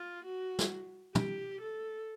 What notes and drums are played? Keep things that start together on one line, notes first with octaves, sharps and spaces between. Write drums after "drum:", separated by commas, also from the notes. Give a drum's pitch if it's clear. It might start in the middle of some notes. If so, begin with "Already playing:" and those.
Already playing: F4
F#4
drum: snare
G4, drum: tom
A4